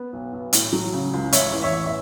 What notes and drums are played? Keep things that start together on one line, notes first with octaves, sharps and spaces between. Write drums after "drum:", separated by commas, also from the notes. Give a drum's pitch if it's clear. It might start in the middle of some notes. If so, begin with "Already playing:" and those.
Already playing: B3
B1
B1
A2, drum: hi-hat
F#3
C#3
C#2
A1 C#5 E5, drum: hi-hat
E3
C#5 E5
A1
E5